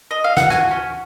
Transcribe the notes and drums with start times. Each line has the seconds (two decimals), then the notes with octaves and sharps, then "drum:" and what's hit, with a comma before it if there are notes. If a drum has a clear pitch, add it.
0.11 D#5
0.24 F5
0.37 F#5, drum: snare
0.50 F#4 G#5, drum: snare
0.71 C#4